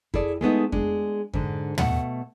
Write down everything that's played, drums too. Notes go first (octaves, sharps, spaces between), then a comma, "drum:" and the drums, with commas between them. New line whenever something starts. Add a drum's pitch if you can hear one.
E4 G#4 A4 D5, drum: kick F2
G#3 A3 B3 D#4
G#3 D4, drum: kick F2
G#2 D3, drum: kick F2
B2 A3 F#5, drum: tom